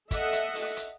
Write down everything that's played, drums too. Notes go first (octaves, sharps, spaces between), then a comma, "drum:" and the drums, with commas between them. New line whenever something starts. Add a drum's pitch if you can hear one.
A4 D#5 E5 F#5, drum: kick, hi-hat
drum: hi-hat
drum: open hi-hat
drum: hi-hat